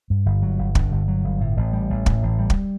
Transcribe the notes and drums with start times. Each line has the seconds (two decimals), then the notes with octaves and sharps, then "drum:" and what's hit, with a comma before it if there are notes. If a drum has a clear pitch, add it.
0.10 G2
0.26 G1
0.42 F#3
0.59 G1
0.75 G2, drum: kick
0.91 G1
1.08 F#3
1.24 G1
1.41 A2
1.57 A1
1.73 G3
1.90 A1
2.06 A2, drum: kick
2.23 A1
2.39 G3
2.50 drum: kick